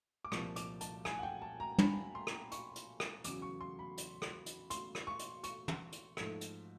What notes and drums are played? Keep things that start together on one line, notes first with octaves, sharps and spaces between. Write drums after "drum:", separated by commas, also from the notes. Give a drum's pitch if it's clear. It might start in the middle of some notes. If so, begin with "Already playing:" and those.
D6
C2 A#2 F3 C#6, drum: rim click
D6, drum: hi-hat
A5, drum: hi-hat
G#5, drum: rim click
F#5
G5
A5
A#5
B5, drum: tom
C6
drum: rim click
C#6, drum: hi-hat
drum: hi-hat
drum: rim click
E2 C#3 F#3 D6, drum: hi-hat
C#6
C6
B5
drum: hi-hat
drum: rim click
drum: hi-hat
C6, drum: hi-hat
drum: rim click
C#6
drum: hi-hat
C#6, drum: hi-hat
drum: tom
drum: hi-hat
G#2 F3 A3, drum: rim click
drum: hi-hat